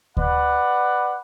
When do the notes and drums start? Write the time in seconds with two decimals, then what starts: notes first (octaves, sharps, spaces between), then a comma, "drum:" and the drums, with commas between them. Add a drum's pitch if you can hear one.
0.17 B4 D5 F#5, drum: kick D2